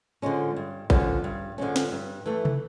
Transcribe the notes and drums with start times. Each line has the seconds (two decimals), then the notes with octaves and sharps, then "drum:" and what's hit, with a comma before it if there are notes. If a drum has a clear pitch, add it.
0.22 D3 F3 G#3 C#4
0.56 G2
0.90 D3 F3 G#3 C#4, drum: kick A1
1.24 G2
1.58 D3 F3 G#3 C#4
1.76 drum: snare
1.92 G2
2.26 E3 A3
2.45 drum: tom